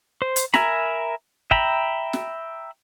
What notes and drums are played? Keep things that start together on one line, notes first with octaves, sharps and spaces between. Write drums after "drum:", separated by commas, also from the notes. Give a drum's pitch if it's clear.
C5
drum: hi-hat
A#4 E5 G#5 A#5 B5, drum: snare
E5 G5 A#5 B5, drum: kick
drum: snare